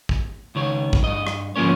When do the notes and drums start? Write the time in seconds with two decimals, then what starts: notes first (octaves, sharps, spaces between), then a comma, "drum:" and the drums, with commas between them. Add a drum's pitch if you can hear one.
0.09 drum: kick
0.55 C#2 D#3 C#5
0.93 drum: kick
1.04 G2 D#5
1.27 drum: rim click
1.56 D2 G#2 F3 A#3 C#4 C#5